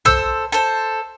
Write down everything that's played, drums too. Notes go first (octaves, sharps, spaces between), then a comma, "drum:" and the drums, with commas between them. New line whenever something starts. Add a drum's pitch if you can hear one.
A4 C5 E6, drum: tom
A4 C5